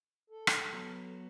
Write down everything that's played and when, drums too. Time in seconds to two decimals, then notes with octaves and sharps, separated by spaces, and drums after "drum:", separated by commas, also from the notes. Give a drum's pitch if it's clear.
0.30 A4
0.47 drum: rim click
0.73 F#3 B3